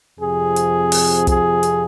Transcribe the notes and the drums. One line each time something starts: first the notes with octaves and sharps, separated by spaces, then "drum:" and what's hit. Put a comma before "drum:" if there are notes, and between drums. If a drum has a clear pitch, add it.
F2 C3 F3 G#4
drum: hi-hat
drum: open hi-hat
G#4, drum: kick, hi-hat
drum: hi-hat